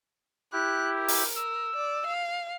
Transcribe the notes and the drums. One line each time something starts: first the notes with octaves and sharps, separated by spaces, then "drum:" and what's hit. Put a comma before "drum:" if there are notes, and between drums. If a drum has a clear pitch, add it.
E4 G4 F#6
A#4
drum: open hi-hat
E6
D5
F5